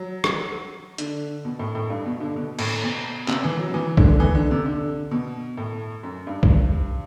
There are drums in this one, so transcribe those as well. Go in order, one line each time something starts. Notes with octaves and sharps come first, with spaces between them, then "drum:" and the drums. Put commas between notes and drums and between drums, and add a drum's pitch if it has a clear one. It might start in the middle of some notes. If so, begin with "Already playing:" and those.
Already playing: F#3
drum: rim click
D3, drum: hi-hat
B2
A2
A2
G2
B2
D3
B2
A2, drum: cymbal
B2
C3, drum: clap
E3
F#3
E3
D3, drum: kick
E3
D3
C3
D3
B2
A2
F#2
G2
drum: kick